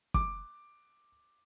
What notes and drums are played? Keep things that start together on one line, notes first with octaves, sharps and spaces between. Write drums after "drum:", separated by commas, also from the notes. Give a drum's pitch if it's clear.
D6, drum: kick